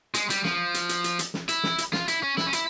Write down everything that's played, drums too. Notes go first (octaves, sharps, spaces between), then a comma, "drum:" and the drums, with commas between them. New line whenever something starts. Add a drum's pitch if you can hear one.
G#3, drum: hi-hat
G3, drum: hi-hat
F3, drum: snare
drum: hi-hat
drum: hi-hat
drum: hi-hat
drum: hi-hat
drum: snare
E4, drum: hi-hat
drum: snare
drum: hi-hat
F4, drum: snare
E4, drum: hi-hat
C#4
E4, drum: snare
C#4
E4, drum: hi-hat